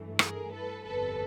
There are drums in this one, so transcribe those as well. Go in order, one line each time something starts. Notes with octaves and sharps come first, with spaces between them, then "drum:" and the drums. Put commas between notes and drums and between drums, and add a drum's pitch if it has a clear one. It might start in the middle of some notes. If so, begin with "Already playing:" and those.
Already playing: G2 E3 A3
G#4 A#4, drum: rim click
A4 B4
G1 F2 C3 A4 B4